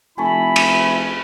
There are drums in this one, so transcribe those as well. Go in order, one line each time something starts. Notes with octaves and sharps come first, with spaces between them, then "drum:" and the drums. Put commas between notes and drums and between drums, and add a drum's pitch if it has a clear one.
F1 E4 G#5 A5 B5 C#6
drum: cymbal